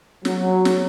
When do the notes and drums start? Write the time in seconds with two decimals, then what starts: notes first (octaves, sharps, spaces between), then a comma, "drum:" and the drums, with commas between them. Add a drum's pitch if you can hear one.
0.25 F#3, drum: snare
0.65 drum: snare